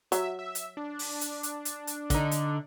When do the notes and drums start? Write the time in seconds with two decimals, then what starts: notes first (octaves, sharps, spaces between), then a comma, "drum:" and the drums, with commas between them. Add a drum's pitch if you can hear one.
0.12 F#3 E5, drum: hi-hat
0.39 E5
0.55 drum: hi-hat
0.77 D4
0.99 drum: open hi-hat
1.21 drum: hi-hat
1.43 drum: hi-hat
1.65 drum: hi-hat
1.87 drum: hi-hat
2.10 D3 D#4, drum: kick, hi-hat
2.31 drum: hi-hat